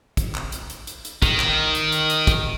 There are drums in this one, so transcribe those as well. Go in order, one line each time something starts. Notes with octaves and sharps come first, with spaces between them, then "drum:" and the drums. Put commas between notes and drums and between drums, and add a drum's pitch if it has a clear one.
drum: kick, hi-hat
drum: clap
drum: hi-hat
drum: hi-hat
drum: hi-hat
drum: hi-hat
D#3, drum: kick, hi-hat
drum: clap
drum: hi-hat
drum: hi-hat
drum: hi-hat
drum: kick, hi-hat